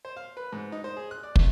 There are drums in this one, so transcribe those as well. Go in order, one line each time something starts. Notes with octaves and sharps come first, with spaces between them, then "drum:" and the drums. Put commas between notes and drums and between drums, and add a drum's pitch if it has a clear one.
C5
F5
B4
G#2
D#4
C5
G#4
F#6
D5
A3, drum: kick